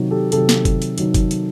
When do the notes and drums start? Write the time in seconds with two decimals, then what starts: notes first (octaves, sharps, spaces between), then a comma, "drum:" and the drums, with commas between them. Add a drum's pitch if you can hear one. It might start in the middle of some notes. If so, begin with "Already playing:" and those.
Already playing: C3 D#3 F#3
0.10 G4 A4
0.32 C3 D#3 F#3 G4 A4, drum: hi-hat
0.49 drum: snare
0.65 drum: kick F#1, hi-hat
0.82 drum: hi-hat
0.98 C3 D#3 F#3, drum: hi-hat
1.14 drum: kick F#1, hi-hat
1.31 drum: hi-hat